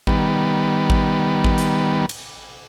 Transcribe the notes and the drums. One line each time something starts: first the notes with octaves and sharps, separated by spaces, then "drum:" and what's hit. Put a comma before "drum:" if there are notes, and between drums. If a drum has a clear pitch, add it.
D#3 G3 B3, drum: kick A1
drum: kick A1
drum: kick A1
drum: hi-hat
drum: cymbal